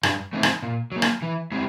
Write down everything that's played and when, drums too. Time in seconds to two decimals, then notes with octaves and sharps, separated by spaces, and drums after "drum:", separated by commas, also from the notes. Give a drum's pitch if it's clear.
0.03 G2, drum: rim click
0.33 E3 A3 C4 D#4
0.43 drum: rim click
0.62 A#2
0.92 F#3 A#3
1.02 drum: rim click
1.22 E3
1.52 G#3 C4 E4 G4